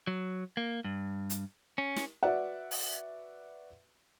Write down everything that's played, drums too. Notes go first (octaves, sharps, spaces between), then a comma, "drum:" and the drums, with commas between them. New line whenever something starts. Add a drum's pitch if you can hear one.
F#3
A#3
G2
drum: hi-hat
C#4
drum: snare
F#4 B4 D5 E5 F#5
drum: open hi-hat